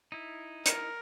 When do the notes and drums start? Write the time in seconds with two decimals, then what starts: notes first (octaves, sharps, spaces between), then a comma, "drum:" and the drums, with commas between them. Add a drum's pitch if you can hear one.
0.12 D#4 E4
0.66 A#4, drum: hi-hat